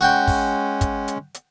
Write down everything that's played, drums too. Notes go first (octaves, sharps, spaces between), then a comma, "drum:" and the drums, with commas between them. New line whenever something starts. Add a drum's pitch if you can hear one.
G#3 C#4 F#4 G5
drum: kick, open hi-hat
drum: kick, hi-hat
drum: hi-hat
drum: hi-hat